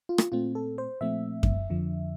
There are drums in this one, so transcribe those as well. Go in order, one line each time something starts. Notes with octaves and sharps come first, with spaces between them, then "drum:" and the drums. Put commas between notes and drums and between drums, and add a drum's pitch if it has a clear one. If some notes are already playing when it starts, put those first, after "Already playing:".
F4
drum: rim click
A#2 A3 C4 F4
A4
C5
A#2 F3 A3 C4 E5
drum: kick F#2
F2 D3 F3